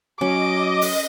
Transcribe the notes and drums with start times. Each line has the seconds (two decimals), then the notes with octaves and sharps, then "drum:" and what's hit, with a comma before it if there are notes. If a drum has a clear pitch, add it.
0.21 F#3 C#4 D#5 D6
0.82 drum: open hi-hat